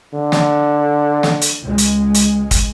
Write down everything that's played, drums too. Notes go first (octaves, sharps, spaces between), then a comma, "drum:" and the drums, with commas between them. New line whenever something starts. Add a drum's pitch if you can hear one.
D3
drum: snare
drum: snare
drum: hi-hat
C#2 G#3
drum: hi-hat
drum: hi-hat
drum: kick, hi-hat